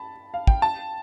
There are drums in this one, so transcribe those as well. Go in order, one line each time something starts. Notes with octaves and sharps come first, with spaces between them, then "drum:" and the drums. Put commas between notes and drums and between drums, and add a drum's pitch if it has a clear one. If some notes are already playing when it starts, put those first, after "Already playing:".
Already playing: A5 B5
F5
G5, drum: kick
A5